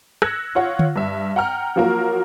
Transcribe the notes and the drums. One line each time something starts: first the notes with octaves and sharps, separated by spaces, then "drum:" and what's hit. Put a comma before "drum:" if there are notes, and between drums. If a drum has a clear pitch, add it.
E6 F#6 G#6 A#6 C#7, drum: rim click
F4 C#5 F#5
drum: tom D3
G2 E5
F#5 G5 A#5 F6
F3 F#3 A#3 F#4 A#4